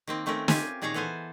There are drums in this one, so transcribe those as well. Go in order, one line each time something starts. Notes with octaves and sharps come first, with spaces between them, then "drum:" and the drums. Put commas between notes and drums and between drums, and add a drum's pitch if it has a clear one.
D#3 A#3 C4
D#3 A3 C4 C#4 A#4
F4 G4 G#5, drum: snare
A#2 D#3 G#4 C#5 F5 A#5
E3 B3 A4 C5 G#5